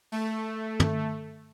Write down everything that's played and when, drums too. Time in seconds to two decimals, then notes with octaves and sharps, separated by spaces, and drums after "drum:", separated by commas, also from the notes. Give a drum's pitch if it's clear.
0.12 A3, drum: open hi-hat
0.80 drum: tom